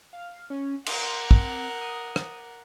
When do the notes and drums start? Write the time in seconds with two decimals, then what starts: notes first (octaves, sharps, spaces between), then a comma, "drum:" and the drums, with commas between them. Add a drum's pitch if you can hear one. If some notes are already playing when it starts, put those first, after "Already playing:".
0.13 F5
0.50 C#4
0.86 A#4 F#5 C6, drum: cymbal
1.31 C4, drum: kick
1.81 D#6
2.16 drum: rim click